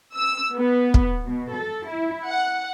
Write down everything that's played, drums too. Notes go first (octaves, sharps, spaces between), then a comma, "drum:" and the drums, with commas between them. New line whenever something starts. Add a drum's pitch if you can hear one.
E6
B3
drum: kick
B2
A4
E4
F#5